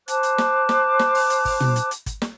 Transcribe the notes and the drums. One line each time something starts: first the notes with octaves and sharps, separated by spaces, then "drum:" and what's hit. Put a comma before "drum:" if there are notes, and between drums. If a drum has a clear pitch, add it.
C5 A5 D6 F#6, drum: hi-hat
drum: hi-hat
drum: snare
drum: snare
drum: snare
drum: open hi-hat
drum: hi-hat
drum: kick, open hi-hat
drum: tom
drum: hi-hat
drum: hi-hat
drum: kick, hi-hat
drum: snare